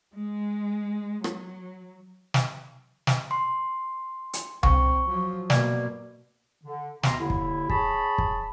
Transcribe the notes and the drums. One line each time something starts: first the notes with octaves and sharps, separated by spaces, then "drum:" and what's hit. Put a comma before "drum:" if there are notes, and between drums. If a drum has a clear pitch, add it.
G#3
F#3, drum: rim click
drum: snare
drum: snare
C6
drum: hi-hat
C4 C#6, drum: tom C2
F3 F#3
B2 A#3 D5, drum: snare
D3
D2 C3 B3 A#5 C6, drum: snare
D#2 D3 E4
drum: kick
G#4 C#5 A5 B5, drum: kick
drum: kick